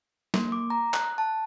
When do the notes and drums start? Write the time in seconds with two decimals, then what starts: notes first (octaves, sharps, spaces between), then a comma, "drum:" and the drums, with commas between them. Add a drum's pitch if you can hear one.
0.34 A#3, drum: snare
0.52 D6
0.70 A#5
0.94 F#6, drum: clap
1.18 A5